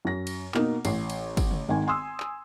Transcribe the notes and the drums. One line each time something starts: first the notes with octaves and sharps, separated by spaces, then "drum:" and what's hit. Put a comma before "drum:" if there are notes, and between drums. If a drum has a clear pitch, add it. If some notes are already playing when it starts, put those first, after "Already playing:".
F#2 A#6
drum: cymbal
B2 A#3 D#4, drum: clap
A1 C7, drum: cymbal
drum: cymbal
drum: kick, cymbal
drum: tom C#3
G#1 D#3 G#5
G#5 C6 D#6 E6
drum: clap